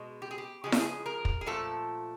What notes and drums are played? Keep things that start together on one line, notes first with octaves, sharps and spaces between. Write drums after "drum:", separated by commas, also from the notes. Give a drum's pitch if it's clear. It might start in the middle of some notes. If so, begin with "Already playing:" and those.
Already playing: B2 G#3
G4
G#4
G4
C#3 F3 G#3 G#4
A4, drum: snare E4
G#4
A#4
drum: kick
G#4
A#2 F3 A3 A4